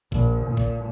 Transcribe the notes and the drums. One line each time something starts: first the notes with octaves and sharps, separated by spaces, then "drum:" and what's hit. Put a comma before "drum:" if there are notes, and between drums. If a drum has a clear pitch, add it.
A#1, drum: kick A1
A#2
drum: kick A1